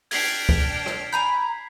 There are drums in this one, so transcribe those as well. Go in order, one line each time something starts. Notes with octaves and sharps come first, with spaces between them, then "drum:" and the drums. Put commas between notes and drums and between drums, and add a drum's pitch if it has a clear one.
D4 G5 F6 G#6 B6 C7, drum: open hi-hat
drum: kick C#2
drum: rim click
G#5 A#5 B5 G6